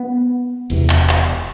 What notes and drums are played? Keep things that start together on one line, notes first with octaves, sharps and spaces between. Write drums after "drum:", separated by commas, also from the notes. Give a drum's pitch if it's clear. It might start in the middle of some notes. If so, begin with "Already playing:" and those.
Already playing: B3
E1 E2 C3, drum: cymbal
drum: clap
drum: clap